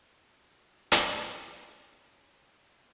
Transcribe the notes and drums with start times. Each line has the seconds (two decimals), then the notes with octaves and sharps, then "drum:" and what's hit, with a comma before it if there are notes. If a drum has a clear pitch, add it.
0.14 D#4 F#4
0.92 drum: hi-hat
1.14 C#4